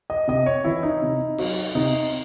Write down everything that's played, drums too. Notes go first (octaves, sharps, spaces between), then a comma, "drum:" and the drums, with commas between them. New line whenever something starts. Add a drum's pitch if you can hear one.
D#5
C3 D#5
C#5
E3 E4
D#4
C3
F#3, drum: cymbal
C3 D#4